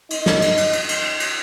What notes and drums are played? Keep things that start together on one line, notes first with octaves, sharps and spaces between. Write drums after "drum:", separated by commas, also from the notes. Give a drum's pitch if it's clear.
D#4, drum: cymbal
drum: snare
drum: cymbal
drum: cymbal
drum: cymbal
drum: cymbal
drum: cymbal